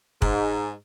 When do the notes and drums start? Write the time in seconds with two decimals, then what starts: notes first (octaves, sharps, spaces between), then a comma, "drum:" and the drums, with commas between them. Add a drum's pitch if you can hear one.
0.22 G#2, drum: kick